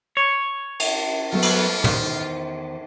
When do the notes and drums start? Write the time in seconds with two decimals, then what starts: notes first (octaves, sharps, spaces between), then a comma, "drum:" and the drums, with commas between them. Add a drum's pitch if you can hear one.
0.17 C#5
0.80 drum: cymbal
1.32 F#3 A3 B3 F4
1.42 drum: cymbal
1.84 E2 D#3 C5, drum: tom